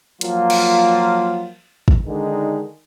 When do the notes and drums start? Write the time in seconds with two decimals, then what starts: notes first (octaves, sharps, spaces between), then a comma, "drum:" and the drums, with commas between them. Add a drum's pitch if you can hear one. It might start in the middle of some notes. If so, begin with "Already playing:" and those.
0.21 F3 F#3 A#3 F4, drum: hi-hat
0.50 drum: cymbal
1.88 drum: kick
2.06 D3 D#3 G#3 D4 D#4